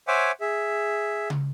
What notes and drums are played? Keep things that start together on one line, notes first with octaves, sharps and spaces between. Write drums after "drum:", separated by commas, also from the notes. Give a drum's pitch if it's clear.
C5 C#5 E5 F#5 G#5 D6
G#4 E5
drum: tom C#3